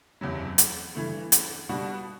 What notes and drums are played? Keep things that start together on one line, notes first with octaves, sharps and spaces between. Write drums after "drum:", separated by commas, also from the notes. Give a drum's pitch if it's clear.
F#1 E2 C3 F#3
drum: hi-hat
G2 E3 A3
drum: hi-hat
B2 G3 D4 F#4